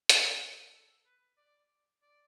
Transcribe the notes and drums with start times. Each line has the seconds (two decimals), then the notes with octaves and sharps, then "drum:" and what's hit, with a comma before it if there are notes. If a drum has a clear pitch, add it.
0.09 drum: hi-hat
0.73 A4
1.06 B4
1.37 D5
2.02 D5